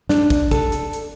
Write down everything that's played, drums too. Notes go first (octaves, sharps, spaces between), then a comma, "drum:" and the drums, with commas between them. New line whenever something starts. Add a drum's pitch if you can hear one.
D4, drum: snare
drum: kick, hi-hat
A4, drum: kick, hi-hat
drum: hi-hat
drum: hi-hat